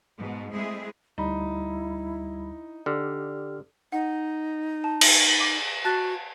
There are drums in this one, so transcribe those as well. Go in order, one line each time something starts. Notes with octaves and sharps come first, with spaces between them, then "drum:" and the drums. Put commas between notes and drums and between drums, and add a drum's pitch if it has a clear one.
G#2 B2 G#3
G#3 A3 C4 E4 G#4
D2 G3 D#4 E4 B5
D3 G4 F6
D#4 F#5
A5
drum: cymbal
D6
F#4 A5 F#6 A6